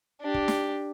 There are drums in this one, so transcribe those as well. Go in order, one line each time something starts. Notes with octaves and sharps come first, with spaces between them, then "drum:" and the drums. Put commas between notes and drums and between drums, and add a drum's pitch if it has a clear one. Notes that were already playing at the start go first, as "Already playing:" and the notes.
D4 G4
drum: kick
drum: snare